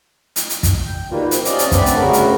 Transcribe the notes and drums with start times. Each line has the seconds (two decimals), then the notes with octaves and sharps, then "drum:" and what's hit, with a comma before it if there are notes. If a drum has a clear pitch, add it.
0.36 drum: hi-hat
0.49 drum: hi-hat
0.63 drum: kick, hi-hat
0.86 G5
1.11 D#3 G3 A#3 B3 F4 F#4
1.31 C4, drum: hi-hat
1.45 C3 C#4 D5 D#5 F5, drum: hi-hat
1.59 drum: hi-hat
1.71 D3 A3 B3 C4 B4 D5, drum: kick, hi-hat
1.86 drum: hi-hat
1.96 D2 G2 C#3 B3 F#4 A#4
2.13 drum: hi-hat